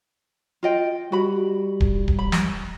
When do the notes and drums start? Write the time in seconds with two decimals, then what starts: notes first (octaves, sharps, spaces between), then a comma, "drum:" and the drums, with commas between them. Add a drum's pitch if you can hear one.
0.63 F4 D#5 G5
1.12 G3 F#4 B5
1.80 drum: kick D1
2.08 drum: kick D1
2.19 B5
2.32 drum: snare